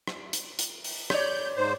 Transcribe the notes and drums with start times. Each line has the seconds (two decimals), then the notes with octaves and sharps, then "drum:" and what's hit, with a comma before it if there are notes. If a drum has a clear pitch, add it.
0.07 drum: rim click
0.33 drum: hi-hat
0.59 drum: hi-hat
0.84 drum: open hi-hat
1.10 C#5 D5 G6, drum: rim click
1.57 G#2 C5